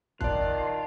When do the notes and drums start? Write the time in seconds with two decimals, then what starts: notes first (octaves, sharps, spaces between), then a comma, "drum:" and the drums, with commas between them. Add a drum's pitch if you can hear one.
0.21 D#3 F4 D5 A5 F#6, drum: kick